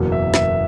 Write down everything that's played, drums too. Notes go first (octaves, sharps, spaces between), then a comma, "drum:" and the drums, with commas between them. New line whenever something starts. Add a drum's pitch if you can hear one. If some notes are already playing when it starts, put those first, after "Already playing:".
Already playing: F#1 E2 B2 F#3 A#3
E5
E5, drum: snare